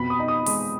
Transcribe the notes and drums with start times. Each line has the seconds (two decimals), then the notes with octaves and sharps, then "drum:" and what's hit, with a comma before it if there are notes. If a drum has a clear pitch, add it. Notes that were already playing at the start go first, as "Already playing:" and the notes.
Already playing: F2 B2 B5
0.10 D#6
0.19 D#4
0.28 D#6
0.46 G#3, drum: open hi-hat